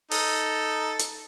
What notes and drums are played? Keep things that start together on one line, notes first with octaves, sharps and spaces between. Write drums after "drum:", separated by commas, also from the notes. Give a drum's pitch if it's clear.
D#4 A4, drum: open hi-hat
drum: hi-hat